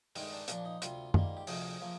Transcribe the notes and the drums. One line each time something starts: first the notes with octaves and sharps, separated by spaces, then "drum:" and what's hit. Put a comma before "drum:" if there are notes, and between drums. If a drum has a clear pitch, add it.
G2 D#3 G#3 D#4, drum: open hi-hat
D4
A#2 F3 A#3 D4, drum: hi-hat
D#4
D2 C3 G3 F4, drum: hi-hat
G#2 G3 A#3, drum: tom F#2
G4
D2 C3 F3 G#4, drum: open hi-hat
F3 A#3